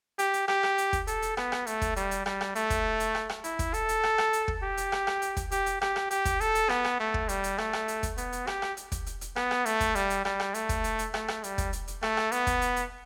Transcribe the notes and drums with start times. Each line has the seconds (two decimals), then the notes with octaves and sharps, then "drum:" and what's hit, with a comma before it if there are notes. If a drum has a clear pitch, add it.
0.19 G4, drum: hi-hat
0.34 drum: hi-hat
0.48 G4, drum: rim click
0.63 drum: rim click
0.78 drum: hi-hat
0.93 drum: kick, hi-hat
1.07 A4, drum: hi-hat
1.22 drum: hi-hat
1.37 B3, drum: rim click
1.52 drum: rim click
1.67 A3, drum: hi-hat
1.82 drum: kick, hi-hat
1.96 G3, drum: hi-hat
2.11 drum: hi-hat
2.26 G3, drum: rim click
2.41 drum: rim click
2.55 A3, drum: hi-hat
2.70 drum: kick, hi-hat
3.00 drum: hi-hat
3.15 drum: rim click
3.29 drum: rim click
3.44 E4, drum: hi-hat
3.59 drum: kick, hi-hat
3.74 A4, drum: hi-hat
3.89 drum: hi-hat
4.03 drum: rim click
4.18 drum: rim click
4.33 drum: hi-hat
4.48 drum: kick
4.62 G4
4.77 drum: hi-hat
4.92 drum: rim click
5.07 drum: rim click
5.22 drum: hi-hat
5.37 drum: kick, hi-hat
5.51 G4, drum: hi-hat
5.66 drum: hi-hat
5.82 G4, drum: rim click
5.96 drum: rim click
6.11 G4, drum: hi-hat
6.25 drum: kick, hi-hat
6.41 A4, drum: hi-hat
6.55 drum: hi-hat
6.69 B3, drum: rim click
6.85 drum: rim click
7.00 A3
7.14 drum: kick
7.29 G3, drum: hi-hat
7.44 drum: hi-hat
7.58 A3, drum: rim click
7.73 drum: rim click
7.88 drum: hi-hat
8.03 drum: kick, hi-hat
8.18 B3, drum: hi-hat
8.32 drum: hi-hat
8.47 G4, drum: rim click
8.62 drum: rim click
8.77 drum: hi-hat
8.92 drum: kick, hi-hat
9.06 drum: hi-hat
9.21 drum: hi-hat
9.36 B3, drum: rim click
9.51 drum: rim click
9.66 A3, drum: hi-hat
9.80 drum: kick, hi-hat
9.95 G3, drum: hi-hat
10.10 drum: hi-hat
10.25 G3, drum: rim click
10.40 drum: rim click
10.54 A3, drum: hi-hat
10.69 drum: kick, hi-hat
10.84 drum: hi-hat
10.99 drum: hi-hat
11.14 A3, drum: rim click
11.28 drum: rim click
11.44 G3, drum: hi-hat
11.58 drum: kick, hi-hat
11.73 drum: hi-hat
11.88 drum: hi-hat
12.03 A3, drum: rim click
12.17 drum: rim click
12.32 B3, drum: hi-hat
12.47 drum: kick, hi-hat
12.62 drum: hi-hat
12.76 drum: hi-hat